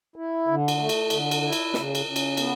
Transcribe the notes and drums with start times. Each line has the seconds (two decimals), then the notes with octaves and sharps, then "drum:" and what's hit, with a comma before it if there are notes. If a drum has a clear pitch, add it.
0.16 E4
0.48 D3
0.68 drum: cymbal
0.78 A3
0.89 drum: cymbal
1.10 D3, drum: cymbal
1.31 drum: cymbal
1.43 E4
1.53 drum: cymbal
1.74 C#3, drum: snare
1.95 drum: cymbal
2.05 C#3
2.16 drum: cymbal
2.37 B3, drum: cymbal